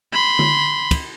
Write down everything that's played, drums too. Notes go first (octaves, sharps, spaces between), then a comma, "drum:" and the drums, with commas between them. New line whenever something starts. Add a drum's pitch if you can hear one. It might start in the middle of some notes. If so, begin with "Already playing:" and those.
B5 C6
drum: tom D3
drum: kick, cymbal